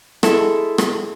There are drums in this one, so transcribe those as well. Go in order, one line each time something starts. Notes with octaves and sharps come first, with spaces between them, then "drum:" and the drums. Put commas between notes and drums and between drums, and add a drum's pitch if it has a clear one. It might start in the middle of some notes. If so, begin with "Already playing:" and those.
G#3 E4 A4 E5, drum: rim click
drum: rim click